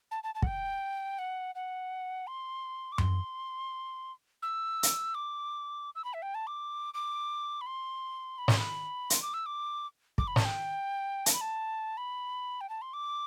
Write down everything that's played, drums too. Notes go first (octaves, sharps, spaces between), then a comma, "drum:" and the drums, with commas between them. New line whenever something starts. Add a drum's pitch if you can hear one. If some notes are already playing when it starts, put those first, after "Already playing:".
A5
A5
A5
F#5, drum: kick
G5
F#5
F#5
C6
D6
C6, drum: tom F#2
E6
drum: hi-hat
D6
E6
B5
E5
G5
A5
D6
D6
B5
C6
B5
C6, drum: snare
B5
C6, drum: hi-hat
D6
E6
D6
D6, drum: kick
B5
A5, drum: snare
G5
A5, drum: hi-hat
B5
A5
B5
G5
A5
C6
D6